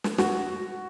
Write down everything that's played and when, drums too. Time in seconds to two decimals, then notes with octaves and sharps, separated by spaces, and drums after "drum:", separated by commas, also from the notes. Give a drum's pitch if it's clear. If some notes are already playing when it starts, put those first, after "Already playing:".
0.04 drum: snare
0.18 F#4, drum: snare